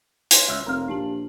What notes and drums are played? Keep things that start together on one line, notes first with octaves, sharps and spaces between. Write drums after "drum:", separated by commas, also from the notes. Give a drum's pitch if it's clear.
C#5 G#5 C6, drum: hi-hat
C#2 E5
F1 A#4 F5
A#1 G4 A5 F#7